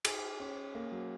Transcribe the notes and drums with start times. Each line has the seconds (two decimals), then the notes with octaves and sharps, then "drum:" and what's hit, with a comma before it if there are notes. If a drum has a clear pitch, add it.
0.05 G#4, drum: cymbal
0.40 C#4
0.75 A#3
0.92 F#3